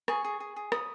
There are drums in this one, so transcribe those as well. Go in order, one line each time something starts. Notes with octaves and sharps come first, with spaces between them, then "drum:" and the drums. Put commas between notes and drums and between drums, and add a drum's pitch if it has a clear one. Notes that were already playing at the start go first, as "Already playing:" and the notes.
G#4 G#5 C#6, drum: rim click
G#4
G#4
G#4
C#5 B5 D#6, drum: rim click